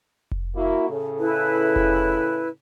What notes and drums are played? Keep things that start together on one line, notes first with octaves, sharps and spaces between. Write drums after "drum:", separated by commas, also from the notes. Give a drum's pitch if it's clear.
drum: kick F1
A#3 E4 F#4
A2 C#3 A4
E4 B4
drum: kick F1